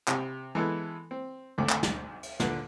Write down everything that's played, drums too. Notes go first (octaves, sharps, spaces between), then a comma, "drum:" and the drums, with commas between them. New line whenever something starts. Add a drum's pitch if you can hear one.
C3, drum: clap
E3 G#3 B3 A4
C4
G#1 D2 A3 D6
drum: clap
drum: snare
drum: cymbal
A#2 D3 B4, drum: snare